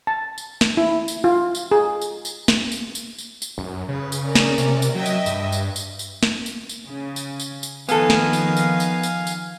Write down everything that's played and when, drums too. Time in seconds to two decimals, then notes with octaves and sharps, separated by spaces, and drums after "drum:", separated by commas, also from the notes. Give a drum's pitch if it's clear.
0.07 A5
0.38 drum: tambourine
0.61 drum: snare
0.77 E4
1.08 drum: tambourine
1.24 F4
1.55 drum: tambourine
1.71 G#4
2.01 drum: tambourine
2.25 drum: tambourine
2.48 drum: snare
2.72 drum: tambourine
2.95 drum: tambourine
3.18 drum: tambourine
3.42 drum: tambourine
3.58 F#2
3.89 C#3 B4
4.12 drum: tambourine
4.23 C#4 A#4 D5
4.35 drum: snare
4.58 C3, drum: tambourine
4.82 drum: tambourine
4.95 F#3 D#5 E5 G5
5.06 drum: tambourine
5.26 G2, drum: tambourine
5.52 drum: tambourine
5.76 drum: tambourine
5.99 drum: tambourine
6.23 drum: snare
6.46 drum: tambourine
6.69 drum: tambourine
6.87 C#3
7.16 drum: tambourine
7.40 drum: tambourine
7.63 drum: tambourine
7.89 D#3 F3 B3 A4 F5 G#5, drum: tambourine
8.10 drum: snare
8.33 drum: tambourine
8.57 drum: tambourine
8.80 drum: tambourine
9.03 drum: tambourine
9.27 drum: tambourine